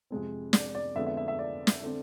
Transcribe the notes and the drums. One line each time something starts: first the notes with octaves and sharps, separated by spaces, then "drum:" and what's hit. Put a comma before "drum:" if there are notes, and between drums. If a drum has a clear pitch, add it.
F2 C3 G#3 C4
D5, drum: snare
D5
F2 D3 G#3 B3 E5
E5
E5
E5
D5
drum: snare
D3 A3 C4